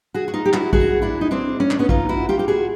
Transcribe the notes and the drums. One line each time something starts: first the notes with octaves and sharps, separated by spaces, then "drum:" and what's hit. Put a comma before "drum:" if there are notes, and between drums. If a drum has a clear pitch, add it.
F#4 G#4
F#4
D#4 F4
G4
E4 F#4, drum: clap
F#4 G#4, drum: kick
D4 E4
D#4
C4 D4
C#4
D4, drum: clap
B3 C#4
D#4 F4, drum: kick
E4 F#4
F4 G4
G4
F#4 G#4